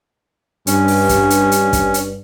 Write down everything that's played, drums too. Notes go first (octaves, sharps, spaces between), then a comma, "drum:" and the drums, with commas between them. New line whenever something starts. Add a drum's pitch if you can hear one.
G2 C#4, drum: hi-hat
drum: open hi-hat
drum: kick, hi-hat
drum: hi-hat
drum: hi-hat
drum: kick, hi-hat
drum: hi-hat